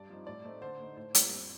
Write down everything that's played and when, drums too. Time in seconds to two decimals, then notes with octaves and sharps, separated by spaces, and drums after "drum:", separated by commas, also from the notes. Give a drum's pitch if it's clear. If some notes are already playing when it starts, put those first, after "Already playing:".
Already playing: G2 D5
0.09 F3 C4 D#4
0.27 A2 D5
0.45 A3 C4 D#4
0.61 D3 C5
0.79 A3 D#4
0.97 A2 C5
1.15 G3 A#3, drum: hi-hat
1.32 F2